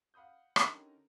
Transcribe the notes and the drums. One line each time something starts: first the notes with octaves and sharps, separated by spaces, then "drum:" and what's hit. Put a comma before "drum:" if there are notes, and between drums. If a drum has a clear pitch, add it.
F5 F#5 B5 D#6 G6
D3 C#4 D#4 G4 A4 A#4, drum: rim click